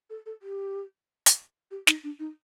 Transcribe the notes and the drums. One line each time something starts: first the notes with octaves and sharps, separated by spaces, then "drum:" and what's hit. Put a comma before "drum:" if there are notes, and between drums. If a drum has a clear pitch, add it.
A4
A4
G4
drum: hi-hat
G4
D#4, drum: snare
D4
D#4